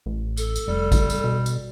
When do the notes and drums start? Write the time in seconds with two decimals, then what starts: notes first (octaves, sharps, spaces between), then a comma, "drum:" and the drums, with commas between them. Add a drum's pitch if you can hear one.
0.06 A1
0.37 A4, drum: tambourine
0.56 drum: tambourine
0.68 F1 G3
0.92 drum: kick G#1, tambourine
1.10 drum: tambourine
1.24 B2
1.46 drum: tambourine